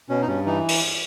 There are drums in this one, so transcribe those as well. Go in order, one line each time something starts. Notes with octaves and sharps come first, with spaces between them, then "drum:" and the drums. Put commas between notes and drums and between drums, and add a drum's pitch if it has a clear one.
B2 C#4
D#4
G2 C#4
E3 D#4
drum: open hi-hat